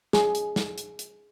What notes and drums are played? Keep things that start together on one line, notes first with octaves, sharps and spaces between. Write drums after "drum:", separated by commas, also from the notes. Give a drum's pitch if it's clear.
G#4, drum: snare
drum: hi-hat
drum: snare
drum: hi-hat
drum: hi-hat